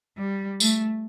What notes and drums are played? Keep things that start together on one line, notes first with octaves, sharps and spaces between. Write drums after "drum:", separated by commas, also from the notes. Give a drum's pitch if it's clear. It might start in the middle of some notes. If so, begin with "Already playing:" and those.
G3
A3, drum: tambourine